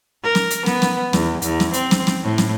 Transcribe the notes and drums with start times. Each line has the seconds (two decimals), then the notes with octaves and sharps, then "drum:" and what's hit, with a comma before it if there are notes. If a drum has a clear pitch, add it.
0.23 A#4
0.35 drum: snare
0.51 drum: hi-hat
0.66 B3, drum: snare
0.82 drum: snare
1.13 E2, drum: snare
1.42 E2, drum: hi-hat
1.60 drum: snare
1.74 C4, drum: hi-hat
1.91 drum: snare
2.07 drum: snare
2.23 A2
2.38 drum: snare